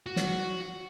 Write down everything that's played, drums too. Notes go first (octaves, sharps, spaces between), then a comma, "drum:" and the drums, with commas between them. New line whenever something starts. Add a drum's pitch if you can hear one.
F#4
drum: snare